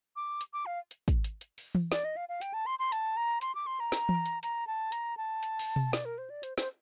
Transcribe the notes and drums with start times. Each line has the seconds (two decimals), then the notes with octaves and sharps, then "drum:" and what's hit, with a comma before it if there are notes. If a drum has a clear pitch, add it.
0.16 D6
0.41 drum: hi-hat
0.53 D6
0.66 F5
0.91 drum: hi-hat
1.08 drum: kick, hi-hat
1.24 drum: hi-hat
1.41 drum: hi-hat
1.58 drum: open hi-hat
1.75 drum: tom E3
1.92 D5, drum: snare
2.04 D#5
2.16 F5
2.29 F5
2.41 G5, drum: hi-hat
2.54 A5
2.66 C6
2.79 C6
2.92 A5, drum: hi-hat
3.17 A#5
3.41 C6, drum: hi-hat
3.55 D6
3.67 C6
3.80 A#5
3.92 drum: snare
4.09 drum: tom E3
4.26 drum: hi-hat
4.43 A#5, drum: hi-hat
4.67 A5
4.92 A#5, drum: hi-hat
5.17 A5
5.43 drum: hi-hat
5.59 drum: open hi-hat
5.76 drum: tom B2
5.93 D5, drum: snare
6.05 A#4
6.18 C5
6.30 D5
6.43 C5, drum: hi-hat
6.58 C5, drum: snare